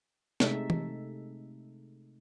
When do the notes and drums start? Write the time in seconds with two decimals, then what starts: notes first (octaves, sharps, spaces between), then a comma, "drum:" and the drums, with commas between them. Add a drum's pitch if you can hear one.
0.40 C3 G#3 A3 D#4 A4 E5, drum: snare
0.70 drum: tom E3